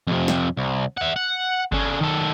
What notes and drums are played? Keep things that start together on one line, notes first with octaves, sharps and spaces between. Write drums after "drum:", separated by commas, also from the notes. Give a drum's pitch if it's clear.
F2 C3
drum: snare
C2
E5 F#5
F#5
D3 C#4, drum: kick G1
D#3 A4